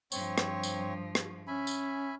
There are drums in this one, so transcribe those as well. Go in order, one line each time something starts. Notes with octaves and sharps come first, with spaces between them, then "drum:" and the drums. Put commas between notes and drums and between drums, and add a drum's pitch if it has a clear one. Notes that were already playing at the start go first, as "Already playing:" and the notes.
G2 F3 C4 C#5, drum: tambourine
drum: rim click
drum: tambourine
drum: rim click
C#4 E5 G#5 B5
drum: tambourine